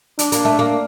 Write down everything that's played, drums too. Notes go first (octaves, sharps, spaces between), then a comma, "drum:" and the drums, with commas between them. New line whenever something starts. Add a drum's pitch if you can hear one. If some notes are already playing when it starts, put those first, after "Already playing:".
D4, drum: hi-hat
A#3, drum: hi-hat
A3
A#3